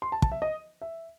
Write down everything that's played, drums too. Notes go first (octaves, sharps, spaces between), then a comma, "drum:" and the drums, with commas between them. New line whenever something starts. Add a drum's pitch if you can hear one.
C6
A5
A5, drum: kick
E5
D#5
E5